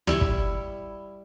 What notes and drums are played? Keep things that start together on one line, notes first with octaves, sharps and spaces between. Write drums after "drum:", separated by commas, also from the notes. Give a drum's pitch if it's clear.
G3 E4 C#6, drum: tom
drum: kick